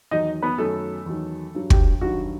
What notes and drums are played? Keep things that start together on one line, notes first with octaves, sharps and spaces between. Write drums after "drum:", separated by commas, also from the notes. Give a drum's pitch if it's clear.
E2 D#3 F#3 D#4 D#5
B3 B4
F#2 D#3 F#3 A3 A4
E2 D#3 F#3
G2 F#3
G4, drum: kick
G2 D#3 F#3 F#4